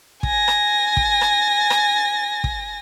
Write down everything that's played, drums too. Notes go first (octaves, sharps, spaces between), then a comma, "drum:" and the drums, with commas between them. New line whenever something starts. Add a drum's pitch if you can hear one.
G#5 A#6, drum: kick
drum: rim click
drum: kick
drum: rim click
drum: rim click
drum: kick